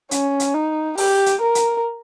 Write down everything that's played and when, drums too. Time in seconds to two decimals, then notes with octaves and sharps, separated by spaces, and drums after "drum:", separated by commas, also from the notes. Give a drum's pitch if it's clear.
0.11 C#4, drum: hi-hat
0.40 drum: hi-hat
0.54 D#4
0.98 G4, drum: open hi-hat
1.26 drum: hi-hat
1.41 A#4
1.55 drum: hi-hat